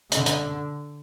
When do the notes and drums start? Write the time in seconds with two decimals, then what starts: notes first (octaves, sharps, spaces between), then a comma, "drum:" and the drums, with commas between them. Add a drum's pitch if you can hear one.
0.12 D3, drum: hi-hat
0.26 drum: hi-hat